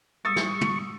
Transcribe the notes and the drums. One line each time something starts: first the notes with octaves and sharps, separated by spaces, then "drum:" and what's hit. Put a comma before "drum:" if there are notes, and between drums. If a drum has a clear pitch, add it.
G3 C#6 D#6 E6 A6
drum: snare
drum: tom